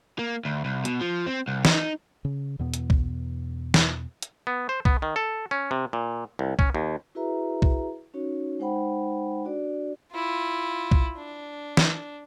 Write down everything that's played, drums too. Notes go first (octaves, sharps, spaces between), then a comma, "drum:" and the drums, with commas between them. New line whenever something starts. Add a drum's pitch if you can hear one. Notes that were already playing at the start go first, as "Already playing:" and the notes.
A#3
D2
C2
B2, drum: hi-hat
F3
C4
C2
D#4, drum: snare
C#3
E2 B2 B3
drum: hi-hat
drum: kick B1
drum: snare
drum: hi-hat
B3
C5
B3, drum: kick B1
D#3
A4
C#4
C3
A#2
C2
C#4, drum: kick B1
D#2
E4 F#4 G#4 B4 E5 A#5
drum: kick B1
C#4 D#4 F#4 C#5
G#3 D#4 C5 F#5 G5 B5
D4 F#4 D5
E4 F4
drum: kick B1
D4
drum: snare